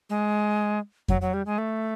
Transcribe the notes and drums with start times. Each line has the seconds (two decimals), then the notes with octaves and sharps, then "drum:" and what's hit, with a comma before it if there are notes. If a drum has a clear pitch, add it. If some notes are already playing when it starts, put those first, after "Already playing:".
0.09 G#3
1.08 F#3, drum: kick F2
1.21 F#3
1.33 G3
1.46 G#3
1.58 A3